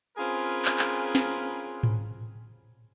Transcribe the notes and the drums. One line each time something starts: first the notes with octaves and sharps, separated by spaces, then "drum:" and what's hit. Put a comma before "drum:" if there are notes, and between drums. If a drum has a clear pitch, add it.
C4 C#4 F4 G#4 A#4 B4
drum: clap
drum: clap
drum: snare
drum: tom G#2